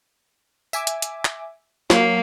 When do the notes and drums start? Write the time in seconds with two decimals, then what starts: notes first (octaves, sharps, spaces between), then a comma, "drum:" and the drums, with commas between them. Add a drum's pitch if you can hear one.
0.73 E5 G#5 D6, drum: tambourine
0.87 drum: hi-hat
1.02 drum: hi-hat
1.25 drum: clap
1.90 F#3 A#3, drum: snare